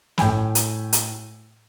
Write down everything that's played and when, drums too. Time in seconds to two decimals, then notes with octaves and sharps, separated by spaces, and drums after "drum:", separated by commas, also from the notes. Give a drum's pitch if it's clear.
0.18 A2 G5 G#5 B5, drum: snare
0.55 drum: hi-hat
0.93 drum: hi-hat